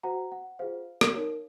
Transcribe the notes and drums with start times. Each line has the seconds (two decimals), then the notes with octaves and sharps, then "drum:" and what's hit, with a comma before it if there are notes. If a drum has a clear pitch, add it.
0.03 F#4 C5 F#5 A#5
0.32 F#5
0.59 F4 G#4 C5 F5
1.01 drum: rim click
1.15 D#4 A#4 C#5